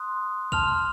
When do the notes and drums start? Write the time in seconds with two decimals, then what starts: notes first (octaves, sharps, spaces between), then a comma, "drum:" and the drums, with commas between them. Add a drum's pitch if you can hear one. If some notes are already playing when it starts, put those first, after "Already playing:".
Already playing: C6 D#6 F#6
0.52 A5 C6 F6 F7, drum: kick